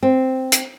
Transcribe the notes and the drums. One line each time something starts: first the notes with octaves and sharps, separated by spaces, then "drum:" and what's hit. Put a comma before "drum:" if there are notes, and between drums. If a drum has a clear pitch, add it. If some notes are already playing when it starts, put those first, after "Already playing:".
C4
drum: hi-hat